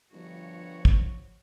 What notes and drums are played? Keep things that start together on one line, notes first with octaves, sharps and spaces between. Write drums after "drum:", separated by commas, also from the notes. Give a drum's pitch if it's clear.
G1 G2 F3 F#4 C#5
drum: kick